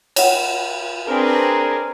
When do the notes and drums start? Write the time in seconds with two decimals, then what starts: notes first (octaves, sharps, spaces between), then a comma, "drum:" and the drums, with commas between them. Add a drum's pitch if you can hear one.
0.16 C#5 F#5 G5, drum: cymbal
1.07 C4 D4 G#4 A#4 B4